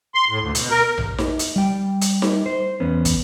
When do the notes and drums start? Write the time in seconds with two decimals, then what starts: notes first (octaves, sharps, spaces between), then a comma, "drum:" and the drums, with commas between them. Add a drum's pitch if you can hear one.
0.15 C6
0.29 A2
0.41 D2
0.55 B2, drum: hi-hat
0.70 A#4
0.98 drum: tom A#1
1.18 drum: snare D#4
1.39 drum: hi-hat
1.56 G3 G5
2.01 drum: hi-hat
2.22 drum: snare D#4
2.46 C5
2.80 E2 B3 C#4
3.05 drum: kick, hi-hat